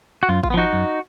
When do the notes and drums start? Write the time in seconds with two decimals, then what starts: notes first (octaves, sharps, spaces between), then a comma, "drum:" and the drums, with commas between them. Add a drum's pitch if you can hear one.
0.23 F#4
0.29 F#2 F4
0.44 F4, drum: kick G#1
0.50 B3
0.54 F3 D#4 F#4
0.73 F#2